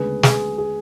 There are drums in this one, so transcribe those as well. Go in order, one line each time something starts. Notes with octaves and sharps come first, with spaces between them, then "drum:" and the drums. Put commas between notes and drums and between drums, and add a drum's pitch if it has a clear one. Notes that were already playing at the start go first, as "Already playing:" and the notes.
Already playing: D2 C#3 G#3 B3 G#4 B4
G#4, drum: snare
G#4